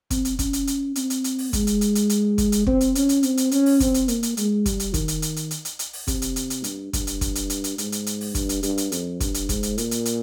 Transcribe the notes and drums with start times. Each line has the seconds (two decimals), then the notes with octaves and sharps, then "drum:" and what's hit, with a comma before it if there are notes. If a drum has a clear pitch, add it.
0.10 C4, drum: kick, hi-hat
0.25 drum: hi-hat
0.39 C#4, drum: kick, hi-hat
0.53 drum: hi-hat
0.67 drum: hi-hat
0.96 C4, drum: hi-hat
1.10 drum: hi-hat
1.24 drum: hi-hat
1.38 drum: open hi-hat
1.53 G#3, drum: kick, hi-hat
1.67 drum: hi-hat
1.81 drum: hi-hat
1.95 drum: hi-hat
2.09 drum: hi-hat
2.38 drum: kick, hi-hat
2.52 drum: hi-hat
2.67 C4, drum: kick
2.81 drum: hi-hat
2.95 C#4, drum: hi-hat
3.09 drum: hi-hat
3.23 C4, drum: hi-hat
3.37 drum: hi-hat
3.51 C#4, drum: hi-hat
3.66 drum: open hi-hat
3.80 C4, drum: kick, hi-hat
3.94 drum: hi-hat
4.08 A#3, drum: hi-hat
4.23 drum: hi-hat
4.37 G#3, drum: hi-hat
4.66 G3, drum: kick, hi-hat
4.80 drum: hi-hat
4.94 D#3, drum: kick, hi-hat
5.08 drum: hi-hat
5.22 drum: hi-hat
5.36 drum: hi-hat
5.51 drum: hi-hat
5.65 drum: hi-hat
5.79 drum: hi-hat
5.93 drum: open hi-hat
6.07 C3, drum: kick, hi-hat
6.22 drum: hi-hat
6.36 drum: hi-hat
6.50 drum: hi-hat
6.64 G2, drum: hi-hat
6.93 G2, drum: kick, hi-hat
7.07 drum: hi-hat
7.21 drum: kick, hi-hat
7.35 drum: hi-hat
7.50 drum: hi-hat
7.64 drum: hi-hat
7.78 G#2, drum: hi-hat
7.92 drum: hi-hat
8.06 drum: hi-hat
8.21 drum: open hi-hat
8.35 G2, drum: kick, hi-hat
8.49 drum: hi-hat
8.63 G2, drum: hi-hat
8.78 drum: hi-hat
8.92 F2, drum: hi-hat
9.20 G2, drum: kick, hi-hat
9.34 drum: hi-hat
9.49 G#2, drum: kick, hi-hat
9.63 drum: hi-hat
9.78 A#2, drum: hi-hat
9.91 drum: hi-hat
10.05 drum: hi-hat